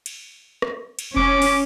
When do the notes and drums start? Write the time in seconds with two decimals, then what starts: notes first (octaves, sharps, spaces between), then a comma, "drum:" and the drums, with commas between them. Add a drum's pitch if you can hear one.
0.06 drum: cymbal
0.62 drum: rim click
0.99 drum: cymbal
1.16 C#4 D6, drum: kick F1
1.42 drum: cymbal